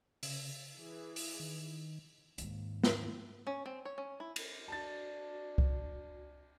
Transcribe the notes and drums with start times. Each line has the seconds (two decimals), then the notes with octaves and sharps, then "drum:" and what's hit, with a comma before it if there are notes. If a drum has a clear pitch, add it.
0.23 C#3, drum: open hi-hat
0.78 E3 G#4
1.16 drum: open hi-hat
1.40 D#3
2.38 D#2 G#2, drum: hi-hat
2.84 drum: snare
3.47 C#4
3.66 C4
3.85 C#5
3.98 C#4
4.20 E4
4.36 drum: cymbal
4.68 D4 F#4 A5 A6
5.58 drum: kick